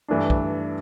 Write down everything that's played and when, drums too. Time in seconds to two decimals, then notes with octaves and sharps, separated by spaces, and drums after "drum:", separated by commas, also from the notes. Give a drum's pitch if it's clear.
0.08 G2 E3 A3 D4
0.30 drum: kick